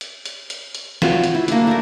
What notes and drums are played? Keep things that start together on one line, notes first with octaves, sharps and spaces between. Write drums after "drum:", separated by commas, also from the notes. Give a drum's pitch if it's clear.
drum: hi-hat
drum: hi-hat
drum: hi-hat
drum: hi-hat
F4 F#4 C5 C#5, drum: snare
drum: hi-hat
E4
A#3 D4, drum: hi-hat
A3 A#4